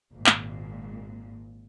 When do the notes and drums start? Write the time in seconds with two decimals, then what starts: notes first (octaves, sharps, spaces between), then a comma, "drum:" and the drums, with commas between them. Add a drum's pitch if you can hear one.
0.12 G#1 A#2
0.26 drum: clap